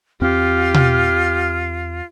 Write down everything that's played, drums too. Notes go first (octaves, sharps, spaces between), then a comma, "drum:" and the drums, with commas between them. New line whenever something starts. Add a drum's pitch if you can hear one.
E2 C4 F4 G4 F6
drum: tom B2